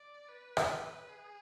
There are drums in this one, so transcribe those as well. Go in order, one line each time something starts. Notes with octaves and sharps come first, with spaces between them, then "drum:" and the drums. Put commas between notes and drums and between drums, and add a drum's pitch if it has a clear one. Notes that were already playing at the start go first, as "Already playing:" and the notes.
Already playing: D5
B4
drum: rim click
G#4